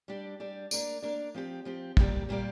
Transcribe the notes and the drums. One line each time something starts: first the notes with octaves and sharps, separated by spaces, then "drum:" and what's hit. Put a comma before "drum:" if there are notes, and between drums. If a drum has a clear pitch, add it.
G3 D4 G4 D5
G3 D4 G4 D5
A#3 D4 A#4 D5, drum: tambourine
A#3 D4 A#4 D5
F3 C4 G4
F3 C4 G4
A#2 G3 A#3 G4 D5, drum: kick
A#2 G3 A#3 G4 D5